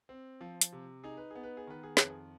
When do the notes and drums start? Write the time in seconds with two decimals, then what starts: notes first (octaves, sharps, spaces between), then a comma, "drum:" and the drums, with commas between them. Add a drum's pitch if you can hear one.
0.09 C4
0.41 F3
0.61 drum: hi-hat
0.72 C3
1.04 D#4 G#4
1.17 B4
1.31 B3 G#4
1.43 B4
1.57 G#4
1.67 D#3 B4
1.83 G#4
1.97 F2 B4, drum: snare
2.10 G#4